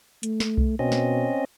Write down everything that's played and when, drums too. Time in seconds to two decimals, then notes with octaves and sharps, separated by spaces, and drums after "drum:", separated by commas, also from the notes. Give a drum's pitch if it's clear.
0.23 A3, drum: hi-hat
0.40 drum: snare
0.57 drum: kick C2
0.79 B2 C4 C#4 D#5
0.92 drum: snare